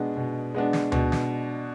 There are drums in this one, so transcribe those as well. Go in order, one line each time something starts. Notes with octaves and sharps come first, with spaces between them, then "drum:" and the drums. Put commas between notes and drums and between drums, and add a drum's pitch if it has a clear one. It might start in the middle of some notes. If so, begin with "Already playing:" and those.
Already playing: B2 G#3 B3 D4
B2
G#3 B3 D4
drum: snare
B2, drum: tom D2
drum: snare